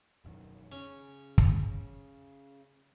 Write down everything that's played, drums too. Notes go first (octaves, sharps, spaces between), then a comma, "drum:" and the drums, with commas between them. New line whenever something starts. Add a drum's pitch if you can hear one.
E1 F#2 D#3
C#3 C#4
drum: kick